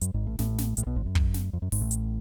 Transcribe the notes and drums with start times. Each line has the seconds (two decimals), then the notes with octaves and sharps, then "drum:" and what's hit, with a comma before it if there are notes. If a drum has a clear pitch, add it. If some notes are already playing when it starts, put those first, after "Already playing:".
0.02 F#2, drum: hi-hat
0.14 G#1 G#2
0.27 A1 A2
0.39 A1 A2, drum: snare
0.58 drum: snare
0.77 A1 A2, drum: hi-hat
0.86 B1 B2
0.96 G#1 G#2
1.06 F#2
1.15 drum: kick
1.34 drum: snare
1.53 F2
1.62 F#2
1.72 G#1 G#2, drum: open hi-hat
1.81 A1 A2
1.91 drum: hi-hat